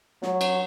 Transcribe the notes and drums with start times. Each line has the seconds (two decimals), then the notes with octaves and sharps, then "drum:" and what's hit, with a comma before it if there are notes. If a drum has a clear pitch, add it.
0.22 F#3, drum: snare
0.41 drum: cymbal